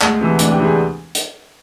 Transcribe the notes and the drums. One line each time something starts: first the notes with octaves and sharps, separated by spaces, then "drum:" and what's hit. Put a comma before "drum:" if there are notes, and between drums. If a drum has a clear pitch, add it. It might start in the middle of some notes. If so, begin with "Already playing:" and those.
D2 G#3, drum: clap
C3 E3
D2 D4, drum: hi-hat
G4
C3 E3
G#4
drum: hi-hat